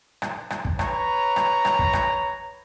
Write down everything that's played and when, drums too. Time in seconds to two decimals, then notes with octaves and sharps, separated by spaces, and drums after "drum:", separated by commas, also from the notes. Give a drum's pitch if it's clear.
0.22 drum: rim click
0.50 drum: rim click
0.65 drum: kick
0.79 B4 C#5 A#5, drum: rim click
1.36 drum: rim click
1.65 drum: rim click
1.79 drum: kick
1.93 drum: rim click